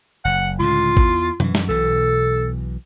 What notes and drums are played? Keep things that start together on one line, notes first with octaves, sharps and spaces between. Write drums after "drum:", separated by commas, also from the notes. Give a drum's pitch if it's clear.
F#1 F#5
C#2 A2 D3 F4
E2, drum: kick A1
F#2 E3, drum: tom B2
drum: snare
B1 B2 E3 A4